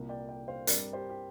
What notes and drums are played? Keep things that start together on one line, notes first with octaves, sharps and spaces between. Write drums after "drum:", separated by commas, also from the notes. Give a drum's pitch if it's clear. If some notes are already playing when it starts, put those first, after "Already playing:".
Already playing: C2 A#2 A#3
D5 G5
D5 G5
C5 F5
G2 G3 C4 A#4 D5, drum: hi-hat
G4 C5
G4